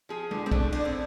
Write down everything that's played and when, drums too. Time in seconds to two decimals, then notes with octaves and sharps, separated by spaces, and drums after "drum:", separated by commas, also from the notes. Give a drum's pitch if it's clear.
0.09 F3 G#4
0.31 D3, drum: tom G#3
0.46 C4
0.51 A3 D4, drum: kick
0.72 D3 D4, drum: cymbal
0.85 C4